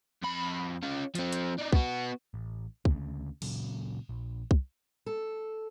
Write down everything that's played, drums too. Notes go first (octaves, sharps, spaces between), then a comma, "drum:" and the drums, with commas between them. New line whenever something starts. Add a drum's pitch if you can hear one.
F2 B5
C#4 F4
F3 C4, drum: hi-hat
drum: hi-hat
D4 D#4
B3 F#4, drum: kick
A1
D2 C#3, drum: kick
A#2 C#3 F#3, drum: cymbal
A#1
drum: kick
A4